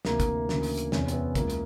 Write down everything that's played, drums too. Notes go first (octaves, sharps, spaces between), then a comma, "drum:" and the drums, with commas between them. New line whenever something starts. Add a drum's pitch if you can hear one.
D2 C3 E3 A#3, drum: snare
drum: kick, hi-hat
D2 C#3 E3, drum: snare
drum: open hi-hat
drum: hi-hat
E2 C3 E3 C#4, drum: snare
C4, drum: hi-hat
B3
C#2 C#3 E3 A#3, drum: kick, hi-hat
drum: hi-hat